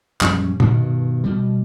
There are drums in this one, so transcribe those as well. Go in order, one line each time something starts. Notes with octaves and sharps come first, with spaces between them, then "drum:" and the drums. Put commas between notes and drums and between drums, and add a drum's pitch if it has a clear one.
A#1 F#2 G3 C#4, drum: clap
G2 B2 D#3, drum: tom
B2 G3